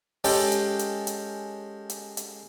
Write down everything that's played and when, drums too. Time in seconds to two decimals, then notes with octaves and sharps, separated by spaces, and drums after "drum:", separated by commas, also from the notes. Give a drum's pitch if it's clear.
0.24 G#3 C#4 G4 A4 G5, drum: open hi-hat
0.52 drum: hi-hat
0.79 drum: hi-hat
1.07 drum: hi-hat
1.90 drum: hi-hat
2.17 drum: hi-hat